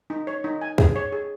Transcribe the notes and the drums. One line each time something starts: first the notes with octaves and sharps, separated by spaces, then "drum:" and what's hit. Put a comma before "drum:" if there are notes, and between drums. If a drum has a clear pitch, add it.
D#4
C#5
D#4
G#5
G#4, drum: kick
C#5
G#4